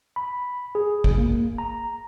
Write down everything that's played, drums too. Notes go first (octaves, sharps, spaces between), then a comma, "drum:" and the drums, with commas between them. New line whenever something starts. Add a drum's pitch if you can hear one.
B5
G#4
drum: kick G#1
A#3
A#5